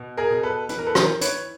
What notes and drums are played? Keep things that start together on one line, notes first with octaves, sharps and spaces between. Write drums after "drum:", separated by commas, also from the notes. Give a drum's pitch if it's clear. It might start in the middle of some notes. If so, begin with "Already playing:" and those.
Already playing: B2
G#4 A#4
B2
A4 B4
E3 B4, drum: hi-hat
A#4
A4 B4
A#4 C5, drum: rim click
E3
B4 C#5, drum: hi-hat